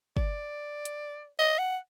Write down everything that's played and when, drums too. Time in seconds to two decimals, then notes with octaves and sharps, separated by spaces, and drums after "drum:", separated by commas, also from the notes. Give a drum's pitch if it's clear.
0.17 D5, drum: kick
0.85 drum: hi-hat
1.39 D#5
1.59 F#5